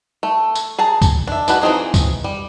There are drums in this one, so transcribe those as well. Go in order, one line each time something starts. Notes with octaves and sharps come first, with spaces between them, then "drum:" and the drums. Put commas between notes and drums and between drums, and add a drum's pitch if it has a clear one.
A3
drum: tambourine
G#4 A5 A#5
drum: kick, tambourine
D4 E5
G#3 D4 E4 F#4 B4, drum: tambourine
E3 F3 C4 D#4 G#4
drum: kick, tambourine
G3